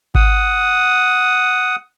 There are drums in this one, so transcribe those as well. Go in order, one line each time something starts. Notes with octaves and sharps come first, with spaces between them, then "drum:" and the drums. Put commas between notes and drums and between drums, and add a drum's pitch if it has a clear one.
F#5 D#6, drum: kick G#1